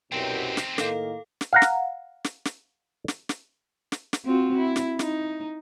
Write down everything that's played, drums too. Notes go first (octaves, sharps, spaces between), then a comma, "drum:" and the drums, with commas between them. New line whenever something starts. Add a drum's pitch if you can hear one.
C2 F#2 B2 C4 D#4 G5
drum: snare
A2 D#3 A#3 A4 F5, drum: snare
drum: snare
F5 F#5 A#5
drum: snare
drum: snare
drum: snare
drum: snare
drum: snare
drum: snare
drum: snare
C4 F4 F#4
E4
drum: snare
D#4, drum: snare